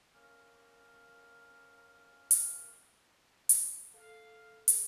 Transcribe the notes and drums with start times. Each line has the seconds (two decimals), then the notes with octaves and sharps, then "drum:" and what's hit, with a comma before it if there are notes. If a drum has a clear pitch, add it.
0.14 A#3 C#4 A#4
2.31 drum: hi-hat
3.49 drum: hi-hat
3.94 A4 F5
4.68 drum: hi-hat